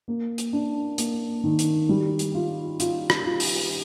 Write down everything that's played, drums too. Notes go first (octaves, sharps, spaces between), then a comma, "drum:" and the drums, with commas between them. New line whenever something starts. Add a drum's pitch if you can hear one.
A#3
drum: hi-hat
D4
A#3, drum: hi-hat
D#3
drum: hi-hat
G3
drum: hi-hat
F4
F4, drum: hi-hat
drum: rim click
F4
drum: open hi-hat